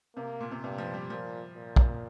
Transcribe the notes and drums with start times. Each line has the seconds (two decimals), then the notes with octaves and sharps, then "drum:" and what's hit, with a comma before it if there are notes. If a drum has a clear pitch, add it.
0.16 C3 A#3
0.40 A#2
0.51 C3
0.63 G2 C3
0.78 F3
0.93 G3
1.10 A#2 F3
1.56 A#2
1.76 drum: kick